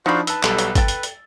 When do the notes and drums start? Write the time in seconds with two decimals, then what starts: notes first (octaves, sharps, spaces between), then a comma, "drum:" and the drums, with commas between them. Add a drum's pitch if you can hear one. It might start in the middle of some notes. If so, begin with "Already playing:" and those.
0.06 F3 D4 D#4 F#4 C5 F5 B5
0.27 B4 A5 E6, drum: hi-hat
0.43 B1 G3 A4, drum: clap
0.58 F#3, drum: hi-hat
0.75 A4 G5 A6, drum: kick, hi-hat
0.88 drum: hi-hat
1.03 drum: hi-hat